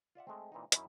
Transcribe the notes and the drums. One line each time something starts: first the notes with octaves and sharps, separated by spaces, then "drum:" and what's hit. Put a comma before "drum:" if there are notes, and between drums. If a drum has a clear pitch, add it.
F4 D5 E5 F#5
G#3 A3 C4
A#2 E3 C4 D#4
F#2 C#4 D#4 E4, drum: hi-hat